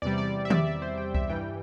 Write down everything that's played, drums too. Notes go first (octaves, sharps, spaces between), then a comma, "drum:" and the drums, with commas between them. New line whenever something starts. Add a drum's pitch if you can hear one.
E2 C3 G3 D5
D5
E5
D5, drum: tom D#3
E5
C5
G5
E5, drum: kick C2
G2 E3 G3 G5